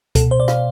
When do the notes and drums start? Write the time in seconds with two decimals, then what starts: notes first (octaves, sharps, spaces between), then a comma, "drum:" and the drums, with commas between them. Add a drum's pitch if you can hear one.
0.15 B2 A4, drum: kick C#2, hi-hat
0.31 C5
0.40 D5
0.48 F5, drum: rim click